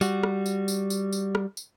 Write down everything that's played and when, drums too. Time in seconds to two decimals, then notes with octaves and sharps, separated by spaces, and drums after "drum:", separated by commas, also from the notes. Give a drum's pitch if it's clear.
0.01 G3 F#4, drum: tambourine
0.23 drum: rim click
0.46 drum: tambourine
0.68 drum: tambourine
0.90 drum: tambourine
1.13 drum: tambourine
1.35 drum: rim click
1.57 drum: tambourine